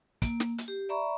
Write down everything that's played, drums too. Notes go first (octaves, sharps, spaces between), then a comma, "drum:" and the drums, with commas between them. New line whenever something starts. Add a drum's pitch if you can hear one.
A#3, drum: kick, hi-hat
drum: snare
drum: hi-hat
G4
D5 E5 A#5 B5 C#6